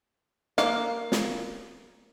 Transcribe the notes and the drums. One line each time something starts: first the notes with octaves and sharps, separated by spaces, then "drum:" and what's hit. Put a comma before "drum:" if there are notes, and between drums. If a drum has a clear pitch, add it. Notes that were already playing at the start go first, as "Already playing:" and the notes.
A#3 F5, drum: rim click
drum: snare